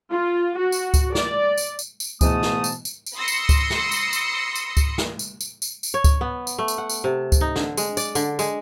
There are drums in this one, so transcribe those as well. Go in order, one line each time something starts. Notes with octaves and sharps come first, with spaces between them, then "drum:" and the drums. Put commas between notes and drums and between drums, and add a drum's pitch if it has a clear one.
F4
F#4
drum: tambourine
drum: kick C#2, tambourine
D5, drum: snare
drum: tambourine
drum: tambourine
drum: tambourine
G#2 B2 E3 A3 A5 D#6, drum: kick C#2, tambourine
drum: snare
drum: tambourine
drum: tambourine
drum: tambourine
B5 C6 D#6 E6 A#6 C#7
drum: tambourine
drum: kick C#2, tambourine
drum: snare
drum: tambourine
drum: tambourine
drum: tambourine
drum: kick C#2, tambourine
drum: snare
drum: tambourine
drum: tambourine
drum: tambourine
drum: tambourine
C#5
drum: kick C#2, tambourine
B3
drum: tambourine
A3
drum: tambourine
F#5
drum: tambourine
C3
drum: kick C#2, tambourine
D#4
D3, drum: snare
G#3, drum: tambourine
D5, drum: tambourine
D3, drum: tambourine
G#3, drum: tambourine